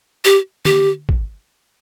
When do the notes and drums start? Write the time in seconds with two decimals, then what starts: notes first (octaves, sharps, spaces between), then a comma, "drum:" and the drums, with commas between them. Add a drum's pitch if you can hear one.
0.25 G4
0.65 G4, drum: tom D3
1.09 drum: kick